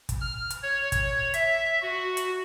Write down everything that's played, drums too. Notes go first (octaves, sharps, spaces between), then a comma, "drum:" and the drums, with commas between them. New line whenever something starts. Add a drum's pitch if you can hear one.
drum: kick, hi-hat
F6
drum: hi-hat
C#5
drum: kick, hi-hat
E5, drum: hi-hat
F#4
drum: hi-hat